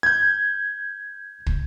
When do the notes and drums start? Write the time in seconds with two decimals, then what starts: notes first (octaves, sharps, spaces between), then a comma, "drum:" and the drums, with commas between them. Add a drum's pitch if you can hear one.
0.03 G6 G#6
1.46 drum: kick